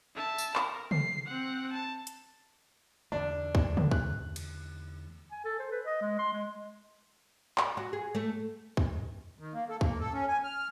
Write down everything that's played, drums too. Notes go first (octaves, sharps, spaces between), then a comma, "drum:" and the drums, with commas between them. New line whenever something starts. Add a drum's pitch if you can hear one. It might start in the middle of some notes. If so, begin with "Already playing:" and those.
E5 A5
drum: tambourine
A#4, drum: clap
C7, drum: tom
C4 F#5
A5
drum: hi-hat
E2 D3 A3 D4
drum: kick
drum: tom
F#6, drum: kick
drum: cymbal
G#5
A4
C5
B4
D#5
G#3
C6
G#3
D5, drum: clap
F#4
G#4
A3
drum: kick
D#3
A#3
A4
A#3, drum: kick
A4
C#4
G#5
F6